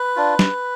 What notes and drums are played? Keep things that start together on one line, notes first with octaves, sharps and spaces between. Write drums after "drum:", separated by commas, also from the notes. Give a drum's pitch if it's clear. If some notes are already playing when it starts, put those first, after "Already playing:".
Already playing: B4
D4 F4
drum: snare